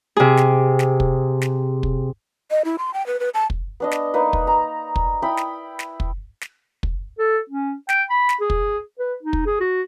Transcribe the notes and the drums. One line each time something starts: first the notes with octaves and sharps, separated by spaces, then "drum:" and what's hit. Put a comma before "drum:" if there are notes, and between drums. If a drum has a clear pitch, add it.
C3 G#4
drum: snare
drum: snare
drum: kick
drum: snare
drum: kick
D#5
E4
C6
G5
B4
B4
A5
drum: kick
B3 D4 D#5
drum: snare
A#3 D#4 B4
drum: kick
A#5
drum: kick
E4 G5 B5 D#6
drum: snare
drum: snare
drum: kick
drum: snare
drum: kick
A4
C#4
G5, drum: snare
B5
drum: snare
G#4
drum: kick
B4
D#4
drum: kick
G#4
F#4